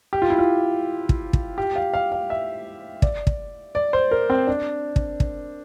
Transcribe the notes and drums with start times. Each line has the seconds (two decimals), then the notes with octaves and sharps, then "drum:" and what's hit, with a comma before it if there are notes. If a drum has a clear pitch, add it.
0.13 G4
0.22 F4
0.30 E4
0.39 F4
1.09 drum: kick
1.33 drum: kick
1.58 G4
1.76 F5
1.94 F5
2.12 F5
2.30 E5
3.02 D5, drum: kick
3.27 drum: kick
3.75 D5
3.93 C5
4.11 A#4
4.30 C4
4.47 D4
4.96 drum: kick
5.20 drum: kick